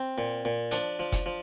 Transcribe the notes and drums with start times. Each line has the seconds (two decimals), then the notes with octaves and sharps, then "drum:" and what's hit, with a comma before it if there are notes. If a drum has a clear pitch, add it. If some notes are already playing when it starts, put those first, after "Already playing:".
Already playing: C4
0.18 A#2
0.45 A#2
0.71 F3 D4, drum: hi-hat
0.99 F3
1.12 drum: kick F1, hi-hat
1.26 F3